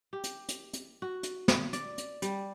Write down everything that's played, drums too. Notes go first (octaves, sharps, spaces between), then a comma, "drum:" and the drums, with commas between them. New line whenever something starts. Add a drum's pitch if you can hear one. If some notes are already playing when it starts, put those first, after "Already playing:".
G4
drum: hi-hat
drum: hi-hat
drum: hi-hat
F#4
drum: hi-hat
drum: snare
D5, drum: hi-hat
drum: hi-hat
G3, drum: hi-hat